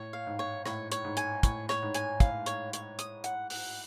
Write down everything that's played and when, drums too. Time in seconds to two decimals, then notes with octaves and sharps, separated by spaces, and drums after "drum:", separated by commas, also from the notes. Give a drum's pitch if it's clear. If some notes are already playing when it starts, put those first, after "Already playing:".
Already playing: A2 C#5
0.13 F5
0.26 G#2
0.39 C#5
0.66 A2 C#5, drum: rim click
0.92 C#5, drum: hi-hat
1.04 G#2
1.17 G#5, drum: hi-hat
1.43 A2 C#5, drum: kick, hi-hat
1.69 C#5, drum: rim click
1.82 G#2
1.94 G#5, drum: hi-hat
2.20 A2 F5, drum: kick, hi-hat
2.46 C#5, drum: hi-hat
2.73 C#5, drum: hi-hat
2.99 D#6, drum: hi-hat
3.24 F#5, drum: hi-hat
3.50 F#5, drum: open hi-hat